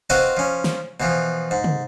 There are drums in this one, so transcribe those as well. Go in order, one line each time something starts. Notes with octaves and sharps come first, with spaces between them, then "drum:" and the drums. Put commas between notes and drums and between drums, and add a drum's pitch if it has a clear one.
C4 F4 F#4 B4 C5 D#5
F3 C#4
drum: snare
B2 E3 F3
G#2
drum: tom